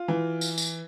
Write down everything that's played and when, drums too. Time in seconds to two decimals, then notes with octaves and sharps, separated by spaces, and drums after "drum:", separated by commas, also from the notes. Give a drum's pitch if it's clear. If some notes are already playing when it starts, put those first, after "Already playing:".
Already playing: F4
0.08 E3
0.41 drum: tambourine
0.58 drum: tambourine